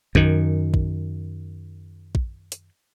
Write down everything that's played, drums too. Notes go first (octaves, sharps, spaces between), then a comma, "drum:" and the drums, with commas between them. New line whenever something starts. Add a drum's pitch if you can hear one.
F#2 D#3, drum: kick
drum: kick
drum: kick
drum: hi-hat